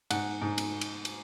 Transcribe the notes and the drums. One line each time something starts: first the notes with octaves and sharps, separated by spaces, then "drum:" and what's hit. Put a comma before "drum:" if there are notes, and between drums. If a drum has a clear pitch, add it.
G#2 F#5, drum: cymbal
G#2
drum: cymbal
drum: cymbal
drum: cymbal